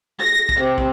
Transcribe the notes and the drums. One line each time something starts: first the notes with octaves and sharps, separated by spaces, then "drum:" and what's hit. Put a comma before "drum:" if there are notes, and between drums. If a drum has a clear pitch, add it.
A#6
drum: kick
C3
drum: kick